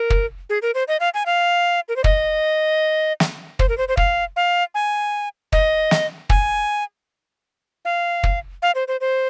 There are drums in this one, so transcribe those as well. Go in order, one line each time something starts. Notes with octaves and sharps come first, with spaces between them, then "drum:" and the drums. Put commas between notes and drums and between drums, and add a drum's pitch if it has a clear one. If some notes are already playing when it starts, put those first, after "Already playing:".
Already playing: A#4
drum: kick
G#4
A#4
C5
D#5
F5
G#5
F5
A#4
C5
D#5, drum: kick
drum: snare
C5, drum: kick
A#4
C5
C5
F5, drum: kick
F5
G#5
D#5, drum: kick
drum: snare
G#5, drum: kick
F5
drum: kick
F5
C5
C5
C5